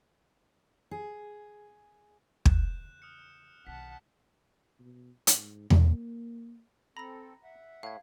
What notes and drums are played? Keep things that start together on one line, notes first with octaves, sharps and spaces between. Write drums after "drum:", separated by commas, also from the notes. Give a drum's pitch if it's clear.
G#4
E2 C#3 F#6 G6 E7, drum: kick
D#6 F6 C#7
B1 D#3 F#5 A5 B6
B2
G#2, drum: hi-hat
A#3, drum: tom E2
C4 A4 A#5 B5 A#6
E5 F#5
A2 F5 G#6